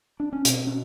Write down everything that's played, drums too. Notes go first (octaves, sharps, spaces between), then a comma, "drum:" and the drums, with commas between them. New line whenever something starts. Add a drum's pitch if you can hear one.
D4
C#4
B2 C4, drum: hi-hat
C#4